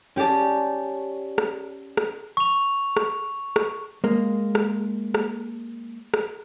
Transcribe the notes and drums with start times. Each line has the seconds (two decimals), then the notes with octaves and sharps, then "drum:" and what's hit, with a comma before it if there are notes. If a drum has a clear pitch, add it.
0.16 C#4 G4 G#4 D5 A5
1.38 drum: rim click
1.97 drum: rim click
2.37 C#6 F7
2.97 drum: rim click
3.56 drum: rim click
4.04 G#3 A#3
4.55 drum: rim click
5.14 drum: rim click
6.14 drum: rim click